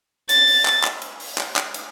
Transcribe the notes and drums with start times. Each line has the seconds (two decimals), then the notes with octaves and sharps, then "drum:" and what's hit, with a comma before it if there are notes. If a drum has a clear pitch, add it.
0.29 A6, drum: hi-hat
0.47 drum: open hi-hat
0.66 drum: clap
0.84 drum: clap
1.02 drum: hi-hat
1.20 drum: open hi-hat
1.38 drum: clap
1.56 drum: clap
1.74 drum: hi-hat